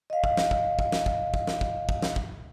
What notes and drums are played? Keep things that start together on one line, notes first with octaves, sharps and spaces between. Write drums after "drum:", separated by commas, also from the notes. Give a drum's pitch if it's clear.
D#5 F5
drum: kick
drum: snare
drum: kick
drum: kick
drum: snare
drum: kick
drum: kick
drum: snare
drum: kick
drum: kick
drum: snare
drum: kick